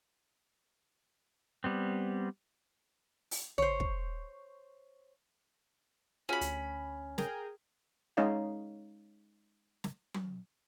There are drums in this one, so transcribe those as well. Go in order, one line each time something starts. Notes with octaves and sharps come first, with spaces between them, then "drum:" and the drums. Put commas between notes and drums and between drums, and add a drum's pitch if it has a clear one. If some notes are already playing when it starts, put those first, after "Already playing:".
G3 B3 C4
drum: open hi-hat
C5 C#5, drum: tom
drum: kick
C#4 F4 F#4 G#4 B5
D2, drum: hi-hat
G#4 A#4 G5, drum: snare
G#3 C#4 D#4 C#5 D#5 F5
drum: snare
drum: tom F#3